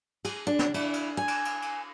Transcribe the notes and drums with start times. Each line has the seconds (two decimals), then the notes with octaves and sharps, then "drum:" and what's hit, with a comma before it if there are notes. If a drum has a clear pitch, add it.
0.25 G#4, drum: cymbal
0.47 D4
0.59 drum: snare
0.74 E4, drum: cymbal
0.93 drum: cymbal
1.17 G#5
1.28 drum: cymbal
1.45 drum: cymbal
1.62 drum: cymbal